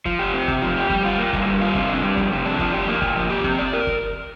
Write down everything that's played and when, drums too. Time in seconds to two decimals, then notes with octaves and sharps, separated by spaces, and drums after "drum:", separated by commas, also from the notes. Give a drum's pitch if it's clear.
0.06 F3, drum: kick
0.19 G4
0.34 C4
0.48 C3, drum: kick
0.62 F3
0.76 G4
0.90 G3, drum: kick
1.05 F4
1.18 A#3
1.33 G2, drum: kick
1.46 G3
1.61 F4
1.75 C3, drum: kick
1.89 D4
2.03 G3
2.17 F2, drum: kick
2.32 C3
2.46 D4
2.59 F3, drum: kick
2.74 G4
2.88 A#3
3.02 A#2, drum: kick
3.16 F3
3.30 G4
3.44 C4, drum: kick
3.59 D5
3.73 A#4
3.87 drum: kick